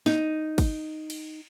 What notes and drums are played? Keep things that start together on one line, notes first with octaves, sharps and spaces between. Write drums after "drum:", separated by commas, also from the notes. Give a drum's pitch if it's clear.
D#4, drum: snare
drum: kick, cymbal
drum: cymbal